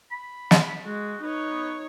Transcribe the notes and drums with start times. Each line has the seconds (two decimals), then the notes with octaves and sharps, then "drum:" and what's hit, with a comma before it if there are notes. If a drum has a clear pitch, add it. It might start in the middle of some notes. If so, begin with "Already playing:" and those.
0.11 B5
0.51 drum: snare
0.86 G#3 F#4
1.22 D#4 B4 C#5
1.51 B3